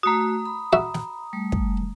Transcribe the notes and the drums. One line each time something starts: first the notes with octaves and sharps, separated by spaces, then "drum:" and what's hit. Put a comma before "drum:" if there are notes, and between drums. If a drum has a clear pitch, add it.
A3 F#4 A#5 D#6
B5
F#4 E5
drum: snare
G3 A3
drum: kick